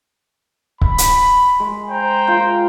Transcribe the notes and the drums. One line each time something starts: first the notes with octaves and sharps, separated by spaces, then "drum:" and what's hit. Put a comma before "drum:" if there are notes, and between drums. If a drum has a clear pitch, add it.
B5, drum: kick C#1
drum: hi-hat
G#3
C5 G5 A#5
F4